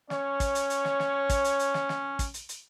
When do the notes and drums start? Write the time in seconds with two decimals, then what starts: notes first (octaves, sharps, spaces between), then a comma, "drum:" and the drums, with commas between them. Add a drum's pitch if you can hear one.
0.10 C#4 C#5, drum: snare
0.40 drum: kick, hi-hat
0.55 drum: hi-hat
0.70 drum: hi-hat
0.85 drum: snare
1.00 drum: snare
1.30 drum: kick, hi-hat
1.44 drum: hi-hat
1.59 drum: hi-hat
1.74 drum: snare
1.89 drum: snare
2.19 drum: kick, hi-hat
2.34 drum: hi-hat
2.49 drum: hi-hat